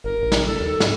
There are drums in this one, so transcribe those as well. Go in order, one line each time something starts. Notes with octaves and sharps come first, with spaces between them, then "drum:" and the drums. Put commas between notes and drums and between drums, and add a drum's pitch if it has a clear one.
G1 A#4
A#1
drum: snare
A4
D#2
G#2, drum: snare